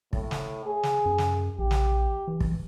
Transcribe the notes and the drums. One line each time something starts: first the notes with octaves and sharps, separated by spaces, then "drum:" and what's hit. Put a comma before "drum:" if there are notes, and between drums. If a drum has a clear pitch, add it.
A2, drum: kick
drum: snare
G#4
drum: snare
F#2
drum: snare
A#1 G4
drum: snare
E3
drum: kick